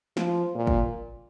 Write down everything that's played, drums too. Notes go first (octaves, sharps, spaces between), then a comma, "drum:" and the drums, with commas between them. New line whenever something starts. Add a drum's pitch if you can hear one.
F3, drum: snare
A#2
drum: kick